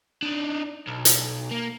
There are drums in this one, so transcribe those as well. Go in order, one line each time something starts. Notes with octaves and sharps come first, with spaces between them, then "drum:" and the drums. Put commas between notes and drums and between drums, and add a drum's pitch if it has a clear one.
D4 D#4
B1
drum: hi-hat
A#3